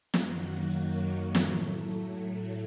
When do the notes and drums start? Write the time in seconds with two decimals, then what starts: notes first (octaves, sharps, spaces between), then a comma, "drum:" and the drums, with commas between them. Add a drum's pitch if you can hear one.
0.14 F#2 D#3 F#3 A#3 F#4, drum: snare
1.35 A2 F#3 A3, drum: snare